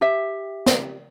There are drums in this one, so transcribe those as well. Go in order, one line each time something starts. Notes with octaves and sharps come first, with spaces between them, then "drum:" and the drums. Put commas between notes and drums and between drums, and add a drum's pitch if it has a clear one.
G4 E5
drum: snare